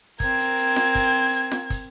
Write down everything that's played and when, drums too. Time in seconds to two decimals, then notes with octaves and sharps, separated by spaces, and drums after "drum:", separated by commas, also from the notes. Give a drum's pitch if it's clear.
0.20 C4 A#4 G#6, drum: kick, hi-hat
0.39 drum: hi-hat
0.58 drum: hi-hat
0.76 drum: snare F4
0.95 drum: kick, hi-hat
1.33 drum: hi-hat
1.52 drum: snare F4
1.70 drum: kick, hi-hat